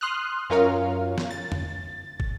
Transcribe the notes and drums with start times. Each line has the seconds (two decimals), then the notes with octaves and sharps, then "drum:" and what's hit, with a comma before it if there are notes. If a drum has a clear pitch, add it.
0.01 C6 D#6 F6 F#6
0.50 F#2 C#4 F4 A#4 C#5 F5
1.18 drum: snare
1.31 A6
1.52 drum: tom F2
2.20 drum: kick